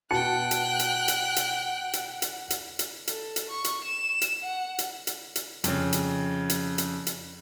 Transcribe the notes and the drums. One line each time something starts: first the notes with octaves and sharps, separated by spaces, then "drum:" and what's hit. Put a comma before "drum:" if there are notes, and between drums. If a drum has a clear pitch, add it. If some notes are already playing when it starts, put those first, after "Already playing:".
B2 F#5 G5 A5 F#6 C#7
drum: hi-hat
drum: hi-hat
drum: hi-hat
drum: hi-hat
drum: hi-hat
drum: hi-hat
drum: hi-hat
drum: hi-hat
A4, drum: hi-hat
drum: hi-hat
C#6
drum: hi-hat
E7
drum: hi-hat
F#5
drum: hi-hat
drum: hi-hat
drum: hi-hat
F2 C#3, drum: hi-hat
drum: hi-hat
drum: hi-hat
drum: hi-hat
drum: hi-hat